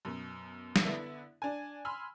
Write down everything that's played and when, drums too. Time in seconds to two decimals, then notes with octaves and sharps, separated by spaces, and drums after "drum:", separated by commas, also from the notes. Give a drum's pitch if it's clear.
0.05 F#2 B2
0.76 drum: snare
0.85 D3 B3 D4 E4
1.42 D4 G#5
1.85 G#5 B5 C6 E6 F6